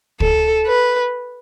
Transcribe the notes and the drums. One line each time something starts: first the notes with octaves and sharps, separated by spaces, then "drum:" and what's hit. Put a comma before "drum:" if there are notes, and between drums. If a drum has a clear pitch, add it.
A4, drum: kick
B4